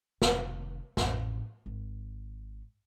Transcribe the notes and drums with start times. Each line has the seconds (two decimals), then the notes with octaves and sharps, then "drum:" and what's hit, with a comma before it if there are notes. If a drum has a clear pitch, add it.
0.22 F1 D#3, drum: snare
0.97 A1 F2, drum: snare
1.66 G#1